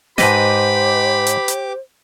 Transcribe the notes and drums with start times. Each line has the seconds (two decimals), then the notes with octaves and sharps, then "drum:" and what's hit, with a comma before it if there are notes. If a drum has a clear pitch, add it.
0.18 G#2 G4 B4 C5 D#5 B5 D6, drum: snare
1.27 drum: hi-hat
1.48 drum: hi-hat